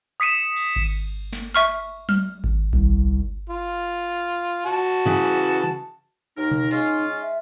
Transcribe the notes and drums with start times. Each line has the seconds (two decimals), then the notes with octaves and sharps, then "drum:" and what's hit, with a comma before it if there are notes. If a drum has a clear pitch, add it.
0.20 D#6 B6 C#7 D#7 E7
0.56 drum: cymbal
0.76 drum: kick G#1
1.33 drum: snare
1.54 E5 C#6 F6
2.09 F6, drum: tom F#3
2.44 drum: kick G#1
2.73 C2, drum: kick G#1
3.50 F4
4.66 F#4 A5
5.05 C#3 E3
6.37 D#2 D#4 A#4
6.51 drum: tom B2
6.71 G#3 C#4 F4, drum: open hi-hat
7.22 E5